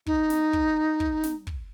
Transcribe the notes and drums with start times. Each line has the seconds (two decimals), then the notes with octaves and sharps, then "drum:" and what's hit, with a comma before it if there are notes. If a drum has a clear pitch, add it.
0.06 D#4, drum: kick
0.30 drum: snare
0.53 drum: kick
1.00 drum: kick
1.23 drum: snare
1.47 drum: kick